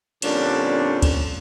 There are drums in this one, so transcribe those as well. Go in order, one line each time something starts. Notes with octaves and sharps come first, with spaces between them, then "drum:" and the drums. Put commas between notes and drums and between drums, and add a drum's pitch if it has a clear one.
F2 A#2 D3 G3 C#4 D4, drum: cymbal
drum: kick D2, cymbal